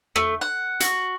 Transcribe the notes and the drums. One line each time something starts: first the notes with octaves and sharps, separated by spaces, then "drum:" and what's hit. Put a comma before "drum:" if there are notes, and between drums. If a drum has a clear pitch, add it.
A3, drum: rim click
F#5
F#4, drum: hi-hat